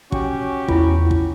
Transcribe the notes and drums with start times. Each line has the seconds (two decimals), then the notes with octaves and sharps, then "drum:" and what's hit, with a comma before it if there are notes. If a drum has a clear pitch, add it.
0.12 C#4 F#4 G4, drum: kick
0.68 E2 E4 F4, drum: kick
1.11 drum: kick